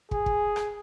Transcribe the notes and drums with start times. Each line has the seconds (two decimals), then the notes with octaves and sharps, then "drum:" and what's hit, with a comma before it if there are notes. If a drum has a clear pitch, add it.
0.11 G#4, drum: kick
0.26 drum: kick
0.56 drum: rim click